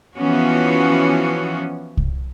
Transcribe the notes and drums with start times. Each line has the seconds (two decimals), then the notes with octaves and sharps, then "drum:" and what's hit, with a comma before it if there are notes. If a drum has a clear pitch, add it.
0.15 E3 F3 B3 C#4 F#4
1.97 drum: kick C2